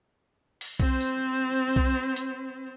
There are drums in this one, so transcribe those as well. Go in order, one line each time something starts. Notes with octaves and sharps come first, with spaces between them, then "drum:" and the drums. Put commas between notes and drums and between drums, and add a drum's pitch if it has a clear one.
drum: open hi-hat
C4 C5, drum: kick B1
drum: tambourine
drum: kick B1
drum: hi-hat